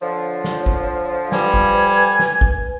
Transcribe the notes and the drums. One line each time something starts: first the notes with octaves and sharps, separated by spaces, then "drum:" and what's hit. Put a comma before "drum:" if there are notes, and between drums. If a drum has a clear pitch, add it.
D3 F3 C#5
drum: snare
drum: kick
G3 B4 G#5, drum: snare
drum: kick
drum: snare
drum: kick